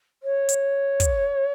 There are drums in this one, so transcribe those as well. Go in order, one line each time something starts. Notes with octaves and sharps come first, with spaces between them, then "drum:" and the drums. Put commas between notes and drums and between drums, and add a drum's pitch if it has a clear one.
C#5
drum: hi-hat
drum: kick, hi-hat